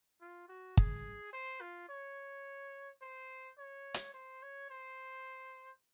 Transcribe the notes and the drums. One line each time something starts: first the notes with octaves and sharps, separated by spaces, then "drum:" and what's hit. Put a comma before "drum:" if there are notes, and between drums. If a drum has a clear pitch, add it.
F4
F#4
G#4, drum: kick
C5
F4
C#5
C5
C#5
drum: hi-hat
C5
C#5
C5